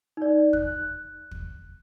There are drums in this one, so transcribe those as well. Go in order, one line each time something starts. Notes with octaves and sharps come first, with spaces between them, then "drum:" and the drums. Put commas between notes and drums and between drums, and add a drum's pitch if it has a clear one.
D#4 D5
F#6, drum: kick
drum: kick